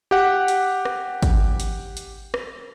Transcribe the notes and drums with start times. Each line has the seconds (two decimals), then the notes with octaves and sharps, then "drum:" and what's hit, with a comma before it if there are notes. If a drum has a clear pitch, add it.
0.11 G4 F#5
0.48 drum: hi-hat
0.85 drum: rim click
1.22 drum: kick, hi-hat
1.60 drum: hi-hat
1.97 drum: hi-hat
2.34 drum: rim click